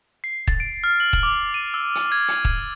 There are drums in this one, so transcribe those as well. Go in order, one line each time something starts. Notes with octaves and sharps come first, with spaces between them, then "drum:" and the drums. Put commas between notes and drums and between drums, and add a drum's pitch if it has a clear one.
C7
A6, drum: kick
D7
F6
F#7
drum: kick
D6
D#7
E6
drum: hi-hat
G#6
drum: hi-hat
drum: kick